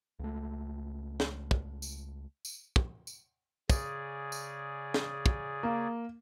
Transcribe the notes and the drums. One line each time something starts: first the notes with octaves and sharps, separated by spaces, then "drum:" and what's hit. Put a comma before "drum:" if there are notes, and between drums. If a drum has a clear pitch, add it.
C#2 A3
drum: snare
drum: kick
drum: tambourine
drum: tambourine
drum: kick
drum: tambourine
C#3 G#4 D5, drum: kick, tambourine
drum: tambourine
drum: snare
drum: kick
A#3